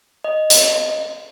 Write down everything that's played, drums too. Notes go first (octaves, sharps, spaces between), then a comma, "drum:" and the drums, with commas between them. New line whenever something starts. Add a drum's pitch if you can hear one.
D#5
drum: hi-hat